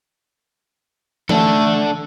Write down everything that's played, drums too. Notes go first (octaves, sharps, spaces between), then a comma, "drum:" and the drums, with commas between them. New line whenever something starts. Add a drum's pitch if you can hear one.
A3 D4 A4, drum: tom E3